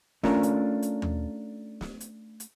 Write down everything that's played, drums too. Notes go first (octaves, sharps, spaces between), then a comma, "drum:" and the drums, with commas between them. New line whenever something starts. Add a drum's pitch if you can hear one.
A3 C#4 D4 F4 A#4, drum: snare
drum: hi-hat
drum: hi-hat
drum: tom D#2
drum: snare
drum: hi-hat
drum: hi-hat